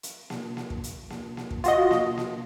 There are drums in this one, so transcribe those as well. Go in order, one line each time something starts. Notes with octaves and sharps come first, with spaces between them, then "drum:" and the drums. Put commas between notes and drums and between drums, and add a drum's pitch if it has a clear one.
drum: hi-hat
drum: snare A#3
drum: snare A#3
drum: kick
drum: hi-hat
drum: snare A#3
drum: snare A#3
drum: kick
F4 F#4 D#5, drum: hi-hat
drum: snare A#3
drum: snare A#3